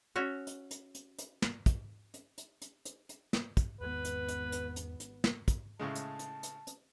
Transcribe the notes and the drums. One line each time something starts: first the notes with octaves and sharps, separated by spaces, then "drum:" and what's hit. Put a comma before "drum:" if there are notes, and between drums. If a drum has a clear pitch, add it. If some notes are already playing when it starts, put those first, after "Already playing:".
C#4 F#4 C#5 E5 G#5
drum: hi-hat
drum: hi-hat
drum: hi-hat
drum: hi-hat
drum: snare
drum: kick, hi-hat
drum: hi-hat
drum: hi-hat
drum: hi-hat
drum: hi-hat
drum: hi-hat
drum: snare
drum: kick, hi-hat
G#1 E2 B3 B4
drum: hi-hat
drum: hi-hat
drum: hi-hat
drum: hi-hat
drum: hi-hat
drum: snare
drum: kick, hi-hat
A2 C#3 G#3 A5
drum: hi-hat
drum: hi-hat
drum: hi-hat
drum: hi-hat